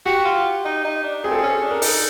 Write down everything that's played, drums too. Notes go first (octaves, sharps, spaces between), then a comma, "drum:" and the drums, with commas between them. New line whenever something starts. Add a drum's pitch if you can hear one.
F#4 G4
F4
D#4
D#4
D4
C4 G#4
A4
C#4 G#4
D4
A#4
D#4 A4, drum: open hi-hat